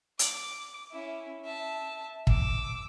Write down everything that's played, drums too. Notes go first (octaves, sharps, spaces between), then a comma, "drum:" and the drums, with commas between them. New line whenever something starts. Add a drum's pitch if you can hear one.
D6, drum: hi-hat
C#4 E4
E5 A5
D6 E6, drum: kick